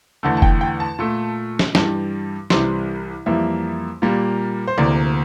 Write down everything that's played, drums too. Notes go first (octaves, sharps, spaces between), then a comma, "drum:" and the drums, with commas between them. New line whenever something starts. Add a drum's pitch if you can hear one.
E2 D3 A3
A5
G5, drum: kick
G5
A5
A#2 A3
drum: snare
G2 E3 G3, drum: snare
C2 C3 E3 G3 C6, drum: snare
F2 E3 G3 A#3 E5
A#2 G3 A#3
C5
D2 C3 E3 A#3 D5